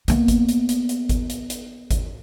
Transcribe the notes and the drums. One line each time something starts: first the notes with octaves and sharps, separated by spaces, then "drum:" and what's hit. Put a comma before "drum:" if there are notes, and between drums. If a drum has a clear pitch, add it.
A#3 B3, drum: hi-hat
drum: kick G#1, hi-hat
drum: hi-hat
drum: hi-hat
drum: hi-hat
drum: kick G#1, hi-hat
drum: hi-hat
drum: hi-hat
drum: kick G#1, hi-hat